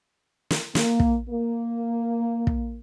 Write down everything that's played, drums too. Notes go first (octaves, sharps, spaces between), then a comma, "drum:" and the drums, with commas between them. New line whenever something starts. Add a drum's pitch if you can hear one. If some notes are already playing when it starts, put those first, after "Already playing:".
drum: snare
A#3, drum: snare
drum: kick
A#3
drum: kick